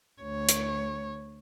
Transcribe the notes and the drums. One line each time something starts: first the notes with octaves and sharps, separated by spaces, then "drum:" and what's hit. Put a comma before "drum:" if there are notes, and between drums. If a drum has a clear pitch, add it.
D2 C#5
drum: hi-hat